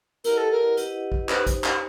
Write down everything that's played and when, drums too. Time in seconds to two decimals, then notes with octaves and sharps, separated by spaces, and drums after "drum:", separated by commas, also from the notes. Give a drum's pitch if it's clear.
0.24 E4 G4 A#4 B4 D#5 F#5, drum: hi-hat
0.37 A4
0.51 A#4
0.77 E4 G4 B4 D#5 F#5, drum: hi-hat
1.12 drum: kick
1.29 D#4 G4 B4 C5, drum: clap
1.47 drum: kick, hi-hat
1.64 drum: clap